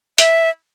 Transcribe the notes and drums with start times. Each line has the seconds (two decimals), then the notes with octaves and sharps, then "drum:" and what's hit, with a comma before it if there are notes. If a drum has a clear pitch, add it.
0.18 E5, drum: hi-hat